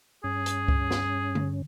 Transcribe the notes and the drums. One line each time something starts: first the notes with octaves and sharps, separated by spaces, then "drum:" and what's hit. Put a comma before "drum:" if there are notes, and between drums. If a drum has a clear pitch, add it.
G2 C#4 G#4
drum: hi-hat
drum: kick C#2
drum: snare
drum: tom D3